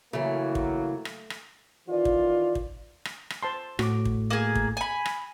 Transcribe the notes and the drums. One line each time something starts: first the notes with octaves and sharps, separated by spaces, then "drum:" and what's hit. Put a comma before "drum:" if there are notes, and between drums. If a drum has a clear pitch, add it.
C#3 E3 F#3 A3 A#3
drum: kick
drum: rim click
drum: rim click
D#3 E3 F4 D5
drum: kick
drum: kick
drum: rim click
drum: rim click
C5 A5 C6
A2 F#4 D6, drum: rim click
drum: kick
A#3 G#4
drum: kick
G#5 B5
drum: rim click